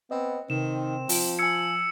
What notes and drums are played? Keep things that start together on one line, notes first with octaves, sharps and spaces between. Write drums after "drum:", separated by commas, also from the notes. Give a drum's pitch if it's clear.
B3 C4 D#5
C3 D#3 C4 E7
F3, drum: open hi-hat
G#5 E6 G#6 C#7